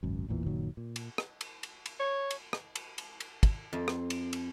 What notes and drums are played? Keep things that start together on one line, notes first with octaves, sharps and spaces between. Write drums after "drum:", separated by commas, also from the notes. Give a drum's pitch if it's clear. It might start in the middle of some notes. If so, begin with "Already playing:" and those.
G#1 C#2 F#2
A1 E2 A#2 E3
F#1 A#2 D#3 F#3
A#2
drum: cymbal
drum: rim click
drum: cymbal
drum: cymbal
drum: cymbal
C#5
drum: cymbal
drum: rim click
drum: cymbal
drum: cymbal
drum: cymbal
drum: kick, cymbal
F2
drum: rim click
drum: cymbal
drum: cymbal